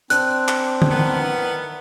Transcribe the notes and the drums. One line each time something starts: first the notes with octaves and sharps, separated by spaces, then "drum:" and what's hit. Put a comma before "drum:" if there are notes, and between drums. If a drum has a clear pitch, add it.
C4 D4 F#6, drum: hi-hat
drum: clap
drum: tom D3
D#3 E3 B3